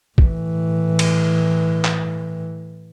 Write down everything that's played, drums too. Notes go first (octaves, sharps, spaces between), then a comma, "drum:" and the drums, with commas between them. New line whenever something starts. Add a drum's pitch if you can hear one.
A2 E3, drum: kick A#1
drum: cymbal
drum: clap